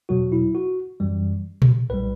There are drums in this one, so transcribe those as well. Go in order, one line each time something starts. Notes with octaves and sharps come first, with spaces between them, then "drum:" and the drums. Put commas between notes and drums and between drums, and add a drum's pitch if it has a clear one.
E2 B2 F#3 F#4
E4
F#4
F#2 E3 G3
drum: tom A#2
B1 A2 G3 B4